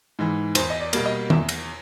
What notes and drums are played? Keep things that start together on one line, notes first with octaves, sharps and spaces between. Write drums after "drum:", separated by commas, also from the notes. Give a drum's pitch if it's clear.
G#2 E3
E2 C5, drum: cymbal
D#5
D5
B2 G3 A#3, drum: cymbal
D#5
E2 E5, drum: tom D#3
drum: cymbal